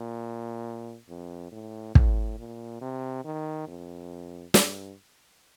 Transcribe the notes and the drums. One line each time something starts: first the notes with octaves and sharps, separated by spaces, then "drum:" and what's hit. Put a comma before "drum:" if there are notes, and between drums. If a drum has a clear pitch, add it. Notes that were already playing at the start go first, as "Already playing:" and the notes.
Already playing: A#2
F2
A2
A2, drum: kick
A#2
C3
D#3
F2
G2, drum: snare